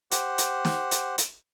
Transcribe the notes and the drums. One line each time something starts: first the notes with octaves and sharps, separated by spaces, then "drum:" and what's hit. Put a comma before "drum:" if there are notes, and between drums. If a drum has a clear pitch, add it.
G4 C5 F#5, drum: hi-hat
drum: hi-hat
drum: snare
drum: hi-hat
drum: hi-hat